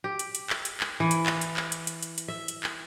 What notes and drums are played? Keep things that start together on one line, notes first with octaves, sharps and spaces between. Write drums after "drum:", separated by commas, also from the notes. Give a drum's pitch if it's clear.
G4
drum: hi-hat
drum: hi-hat
drum: clap
drum: hi-hat
drum: clap
E3
drum: hi-hat
drum: clap
drum: hi-hat
drum: clap
drum: hi-hat
drum: hi-hat
drum: hi-hat
drum: hi-hat
E5
drum: hi-hat
drum: clap